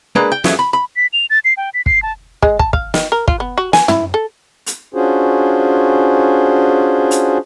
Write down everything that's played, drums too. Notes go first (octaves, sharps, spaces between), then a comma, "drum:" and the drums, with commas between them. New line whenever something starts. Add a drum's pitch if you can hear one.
G#3 A#3 D4 A#4 B4
G5
F#2 F3 F#3 G#3 A3 C#4, drum: snare
B5
B5
B6
F7
A6
C7
G5
B6
C7, drum: kick
A5
G#3, drum: kick
A5, drum: kick
F5, drum: kick
D#3, drum: snare
A#4
F4, drum: kick
B3
F#4
G#5, drum: snare
E4, drum: tom
A4
drum: hi-hat
C#4 D4 F4 F#4 G#4 C5
drum: hi-hat